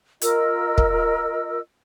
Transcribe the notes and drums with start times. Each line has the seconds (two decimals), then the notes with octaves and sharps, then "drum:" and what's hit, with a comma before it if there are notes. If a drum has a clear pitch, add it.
0.21 F4 A#4 D#5 E6, drum: hi-hat
0.78 drum: kick